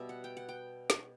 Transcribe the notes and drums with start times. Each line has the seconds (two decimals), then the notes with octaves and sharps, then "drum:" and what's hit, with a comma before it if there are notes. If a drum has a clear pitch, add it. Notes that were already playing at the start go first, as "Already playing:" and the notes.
Already playing: B2 G3 B3 E5
0.09 F#5
0.24 G5
0.37 F#5
0.49 G5
0.90 drum: snare